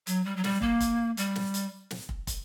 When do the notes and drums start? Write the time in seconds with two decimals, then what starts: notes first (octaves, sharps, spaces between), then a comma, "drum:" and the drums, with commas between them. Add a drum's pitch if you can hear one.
0.07 F#3, drum: hi-hat
0.25 G3
0.37 F#3
0.44 G3, drum: snare
0.61 A#3, drum: kick
0.80 drum: kick, hi-hat
1.17 G3, drum: hi-hat
1.35 drum: snare
1.54 drum: hi-hat
1.91 drum: snare
2.09 drum: kick
2.27 drum: kick, hi-hat